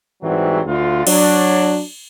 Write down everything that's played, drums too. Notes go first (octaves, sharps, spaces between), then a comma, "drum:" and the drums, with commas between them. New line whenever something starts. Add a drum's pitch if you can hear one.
G#2 E3 F#3 G3 C4 F#4
D2 F4
F#3 D4, drum: cymbal